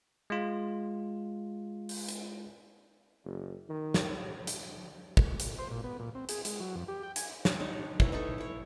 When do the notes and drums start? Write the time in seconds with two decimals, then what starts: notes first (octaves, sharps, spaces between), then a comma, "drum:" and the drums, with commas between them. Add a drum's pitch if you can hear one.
0.30 G#3 F4
1.89 drum: open hi-hat
2.09 drum: hi-hat
3.25 F#1
3.69 D#3
3.94 drum: snare
4.47 drum: hi-hat
5.17 drum: kick
5.40 drum: hi-hat
5.59 C5
5.71 A#2
5.84 B3
5.99 A#2
6.15 C4
6.29 G#4, drum: hi-hat
6.45 G#3, drum: hi-hat
6.60 F#3
6.75 F2
6.88 G4
7.03 G5
7.16 G#5, drum: hi-hat
7.45 drum: snare
7.60 D4 D#4 C#5
8.00 E4 B4 C#5 A#5, drum: kick
8.12 D#4 E4 A4 C#6
8.38 E4 C#5